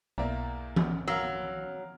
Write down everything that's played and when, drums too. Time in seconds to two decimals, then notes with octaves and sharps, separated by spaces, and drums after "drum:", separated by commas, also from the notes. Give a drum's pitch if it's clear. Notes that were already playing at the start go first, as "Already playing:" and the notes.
0.18 B1 E2 A#3 D5 E5 A#5
0.76 drum: tom E3
1.08 F#3 A#4 F5 E6